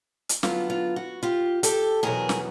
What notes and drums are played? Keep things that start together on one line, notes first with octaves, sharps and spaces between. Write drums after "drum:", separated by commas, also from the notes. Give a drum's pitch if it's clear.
drum: hi-hat
D3 F#3 B3 F4, drum: snare
F4
F#4
F4 G4
G4 A4, drum: hi-hat
E2 B2 F#3 G#4 A#4
drum: snare